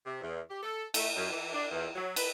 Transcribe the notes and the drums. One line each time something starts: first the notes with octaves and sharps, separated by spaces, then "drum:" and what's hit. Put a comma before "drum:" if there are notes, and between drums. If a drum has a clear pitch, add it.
C3
E2
G4
A4
A3, drum: cymbal
F#2
E3
D4
E2
F#3
B4, drum: cymbal